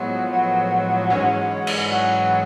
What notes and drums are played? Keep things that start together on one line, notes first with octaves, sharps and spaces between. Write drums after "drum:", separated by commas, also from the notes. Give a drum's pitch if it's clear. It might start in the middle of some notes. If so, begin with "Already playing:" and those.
Already playing: A2 F3 F#3 G#3 B3
F#3
G#2 E3 G#3 C#4
drum: cymbal
F#3